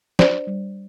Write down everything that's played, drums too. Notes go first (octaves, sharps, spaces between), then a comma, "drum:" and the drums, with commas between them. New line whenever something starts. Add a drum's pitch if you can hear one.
D4 C5 D5, drum: snare
G3